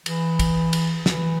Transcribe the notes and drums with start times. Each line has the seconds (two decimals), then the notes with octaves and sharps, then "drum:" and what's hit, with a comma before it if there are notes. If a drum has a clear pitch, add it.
0.06 E3, drum: cymbal
0.39 drum: kick, cymbal
0.73 drum: cymbal
1.06 E3, drum: snare